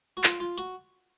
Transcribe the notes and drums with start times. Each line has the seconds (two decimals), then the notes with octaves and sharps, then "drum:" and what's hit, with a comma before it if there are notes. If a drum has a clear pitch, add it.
0.17 F#4
0.24 F4, drum: clap
0.40 F4
0.58 F#4, drum: hi-hat